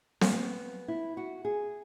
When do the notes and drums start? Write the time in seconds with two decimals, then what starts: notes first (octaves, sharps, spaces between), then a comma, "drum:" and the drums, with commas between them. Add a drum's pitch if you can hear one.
0.21 A#3, drum: snare C4
0.33 B3
0.88 E4
1.17 F#4
1.45 G#4